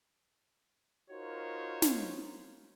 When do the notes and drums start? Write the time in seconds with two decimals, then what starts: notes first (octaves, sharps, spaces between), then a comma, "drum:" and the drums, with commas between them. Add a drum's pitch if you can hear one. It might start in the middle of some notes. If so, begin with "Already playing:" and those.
1.11 D#4 F4 F#4 A#4 C5 C#5
1.82 drum: snare